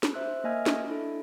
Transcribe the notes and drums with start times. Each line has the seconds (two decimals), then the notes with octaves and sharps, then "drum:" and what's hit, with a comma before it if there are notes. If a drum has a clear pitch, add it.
0.03 drum: snare
0.14 C5 E5 E6 F#6
0.44 A#3 D#5 E5 G#5 F6 G#6
0.66 drum: snare
0.87 D4 E4 A4